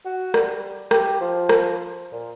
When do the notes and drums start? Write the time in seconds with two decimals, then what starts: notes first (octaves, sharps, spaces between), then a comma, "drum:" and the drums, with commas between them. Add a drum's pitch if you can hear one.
0.05 F#4
0.34 G3, drum: rim click
0.91 G4, drum: rim click
1.21 F3
1.49 drum: rim click
2.12 A#2